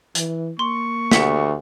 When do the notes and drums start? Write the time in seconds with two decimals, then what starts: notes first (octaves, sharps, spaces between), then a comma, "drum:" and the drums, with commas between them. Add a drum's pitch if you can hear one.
0.15 E3, drum: hi-hat
0.59 A#3 C6 C#6
1.11 D2 G4 F#5 B6, drum: snare